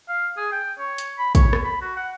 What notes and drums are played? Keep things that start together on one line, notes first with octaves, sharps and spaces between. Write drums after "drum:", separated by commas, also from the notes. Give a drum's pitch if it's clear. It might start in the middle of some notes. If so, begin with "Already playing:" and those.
F5
G#4
G5
C#5
drum: hi-hat
B5
C#5, drum: kick, hi-hat
drum: rim click
B5
F#4
F#5